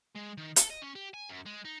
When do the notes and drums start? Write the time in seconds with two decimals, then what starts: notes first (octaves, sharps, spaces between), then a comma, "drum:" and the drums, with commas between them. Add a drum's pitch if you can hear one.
0.16 G#3
0.38 D#3
0.56 A4, drum: hi-hat
0.70 D#5
0.82 C#4
0.95 G4
1.14 G#5
1.29 F#2
1.46 G#3
1.65 D#4